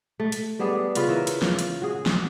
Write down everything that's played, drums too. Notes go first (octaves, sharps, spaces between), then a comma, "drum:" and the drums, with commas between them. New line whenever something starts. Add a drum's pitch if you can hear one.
A3
drum: hi-hat
G3 B3 D4 G#4
C#3 F4 B4, drum: hi-hat
E3 A#4 C#5 E5
drum: hi-hat
F4 C#5, drum: snare
drum: hi-hat
F#4 G#4
drum: snare